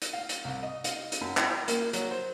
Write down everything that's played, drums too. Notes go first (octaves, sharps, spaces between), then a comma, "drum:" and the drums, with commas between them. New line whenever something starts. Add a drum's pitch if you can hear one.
drum: hi-hat
F5
drum: hi-hat
C2
D#5
F5, drum: hi-hat
drum: hi-hat
F#2
E4, drum: clap
A#3, drum: hi-hat
F#3, drum: hi-hat
C5